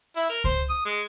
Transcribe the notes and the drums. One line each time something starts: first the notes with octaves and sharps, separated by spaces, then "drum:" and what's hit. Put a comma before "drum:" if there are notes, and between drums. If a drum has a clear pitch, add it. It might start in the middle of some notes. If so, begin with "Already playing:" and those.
E4
A#4
C5, drum: kick C#2
D#6
G#3